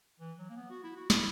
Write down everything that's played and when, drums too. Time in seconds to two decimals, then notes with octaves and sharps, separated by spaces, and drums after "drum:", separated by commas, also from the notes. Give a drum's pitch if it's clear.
0.20 E3
0.38 F#3
0.50 A#3
0.57 B3
0.70 F#4
0.84 E4
0.97 F#4
1.10 E4, drum: snare